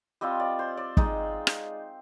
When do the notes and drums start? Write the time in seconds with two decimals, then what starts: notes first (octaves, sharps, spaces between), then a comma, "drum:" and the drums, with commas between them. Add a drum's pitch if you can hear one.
0.21 G3 C4 F4 D#5
0.40 D5
0.59 C5
0.77 D5
0.97 G#3 D#4, drum: kick
1.47 drum: rim click